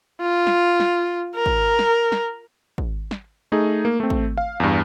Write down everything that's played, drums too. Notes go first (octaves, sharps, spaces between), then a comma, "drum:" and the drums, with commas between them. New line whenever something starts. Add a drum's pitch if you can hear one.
F4
drum: snare
drum: snare
A#4
drum: kick
drum: snare
drum: snare
drum: kick
drum: snare
A3 D#4 G#4
A#3
A3 C4
drum: kick
F5
E2 G2